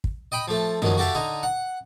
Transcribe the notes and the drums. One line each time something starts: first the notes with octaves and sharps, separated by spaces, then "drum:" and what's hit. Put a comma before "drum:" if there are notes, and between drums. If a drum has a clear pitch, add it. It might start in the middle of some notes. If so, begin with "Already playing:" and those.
drum: kick
D#5 G5 B5
F3 A3
D#3 F3 F#3 C#4, drum: tom F#2
F#4 G4 A4 E5 F5
D3 D#4 A#5
F#5